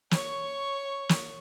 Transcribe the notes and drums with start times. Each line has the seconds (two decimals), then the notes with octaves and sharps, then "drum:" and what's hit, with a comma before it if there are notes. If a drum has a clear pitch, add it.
0.11 C#5 C#6, drum: snare
1.09 drum: snare